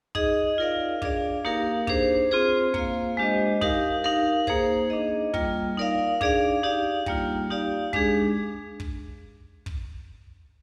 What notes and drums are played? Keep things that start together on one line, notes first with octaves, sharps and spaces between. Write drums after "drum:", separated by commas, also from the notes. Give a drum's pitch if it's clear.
D#4 G#4 D#5, drum: kick
F4 A#4 D5 F5
D4 G#4 D5 F5, drum: kick
A#3 D#4 G4 A#4 F5
D4 G#4 C5, drum: kick
C4 F4 G#4 C5
A#3 F4 C5 F5, drum: kick
G#3 D4 G4 C5 D#5
D#4 G4 A#4 F5, drum: kick
D#4 A#4 F5
A#3 D#4 G#4 C5, drum: kick
D4 G#4 D#5
G3 A#3 F4, drum: kick
D#4 A#4 D5 F5
D4 G#4 D5 F5, drum: kick
D#4 G4 D5 F5
G3 A#3 F4, drum: kick
D#4 G4 D5 F5
G#3 D4 G#4, drum: kick
drum: kick
drum: kick